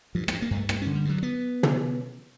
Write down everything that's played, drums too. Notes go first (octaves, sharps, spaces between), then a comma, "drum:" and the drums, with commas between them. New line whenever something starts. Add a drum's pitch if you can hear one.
G2 F3
A3, drum: rim click
G2
A#3
G2 A3
G2 A#3, drum: rim click
C#4
D3
G3
G2 F#3
B3
drum: tom